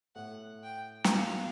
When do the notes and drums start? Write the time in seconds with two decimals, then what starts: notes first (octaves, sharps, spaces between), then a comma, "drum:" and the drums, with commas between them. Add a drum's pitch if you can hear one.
0.16 A2 F#5
0.63 G5
1.04 B2, drum: snare
1.12 A#2 F5
1.28 B2